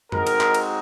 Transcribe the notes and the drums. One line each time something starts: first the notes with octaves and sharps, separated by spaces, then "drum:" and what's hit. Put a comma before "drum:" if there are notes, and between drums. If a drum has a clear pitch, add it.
G#3 C4 D#4 F#4 A#4, drum: tom F#2
drum: cymbal
drum: clap
drum: cymbal